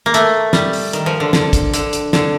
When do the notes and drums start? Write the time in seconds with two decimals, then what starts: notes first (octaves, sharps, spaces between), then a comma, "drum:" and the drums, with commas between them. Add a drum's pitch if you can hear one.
0.06 A#3
0.14 A3, drum: hi-hat
0.53 G3, drum: snare
0.73 drum: open hi-hat
0.93 D#3, drum: hi-hat
1.06 F3
1.20 D3
1.33 D3, drum: snare
1.53 drum: kick, hi-hat
1.74 D3, drum: hi-hat
1.93 drum: hi-hat
2.13 D3, drum: snare